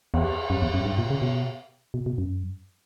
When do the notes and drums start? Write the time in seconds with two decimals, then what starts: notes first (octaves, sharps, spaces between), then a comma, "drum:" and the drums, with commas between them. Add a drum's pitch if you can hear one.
0.14 E2, drum: cymbal
0.50 F#2
0.62 E2
0.74 F#2
0.86 G2
0.98 A#2
1.10 C#3
1.22 B2
1.94 B2
2.06 B2
2.18 F#2